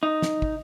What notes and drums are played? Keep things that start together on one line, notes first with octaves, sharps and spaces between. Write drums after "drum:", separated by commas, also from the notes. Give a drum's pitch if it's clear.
D#4
drum: snare
drum: kick